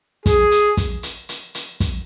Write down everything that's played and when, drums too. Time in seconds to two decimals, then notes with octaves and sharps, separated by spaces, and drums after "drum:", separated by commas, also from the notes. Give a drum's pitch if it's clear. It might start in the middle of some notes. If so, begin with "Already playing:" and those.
0.26 G#4, drum: kick, hi-hat
0.52 drum: hi-hat
0.77 drum: kick, hi-hat
1.03 drum: hi-hat
1.29 drum: hi-hat
1.55 drum: hi-hat
1.80 drum: kick, hi-hat